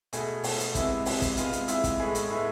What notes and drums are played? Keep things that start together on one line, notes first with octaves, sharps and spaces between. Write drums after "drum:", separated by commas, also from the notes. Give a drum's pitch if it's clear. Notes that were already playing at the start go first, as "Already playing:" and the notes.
B2 A3 G#4, drum: hi-hat
B2 A3, drum: open hi-hat
drum: hi-hat
C3 G#3 B3 E4, drum: kick, hi-hat
C3 G#3 B3, drum: open hi-hat
drum: kick, hi-hat
C3 G#3 B3 F4, drum: hi-hat
drum: hi-hat
C3 G#3 B3 E4, drum: hi-hat
drum: kick, hi-hat
A2 G#3 B3 G#4
drum: hi-hat
A2 G#3 B3 E4